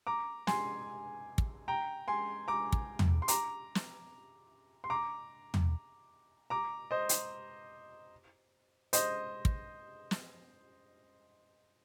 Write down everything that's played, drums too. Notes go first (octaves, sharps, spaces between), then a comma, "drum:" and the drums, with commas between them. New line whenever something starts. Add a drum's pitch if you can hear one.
A#5 D6
G#5 C6, drum: snare
drum: kick
G5 A#5
G#5 C6
A#5 D6
drum: kick
drum: tom
C6
A#5 D6, drum: hi-hat
drum: snare
C6
A#5 D6
drum: tom
A#5 D6
C5 D#5
drum: hi-hat
C5 D#5, drum: hi-hat
drum: kick
drum: snare